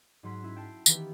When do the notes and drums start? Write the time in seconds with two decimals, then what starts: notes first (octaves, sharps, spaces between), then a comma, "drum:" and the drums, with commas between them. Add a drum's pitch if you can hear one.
0.23 G#2 F#3 C6 F#6 B6
0.43 C#4 E4
0.56 G5 A5 C7
0.86 D#3 E3 A#3 B3 G4 B4, drum: tambourine